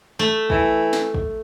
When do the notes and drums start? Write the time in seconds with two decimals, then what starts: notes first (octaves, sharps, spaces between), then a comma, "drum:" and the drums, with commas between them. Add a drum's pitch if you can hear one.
0.19 A3
0.50 E3, drum: kick
0.93 drum: snare
1.14 drum: kick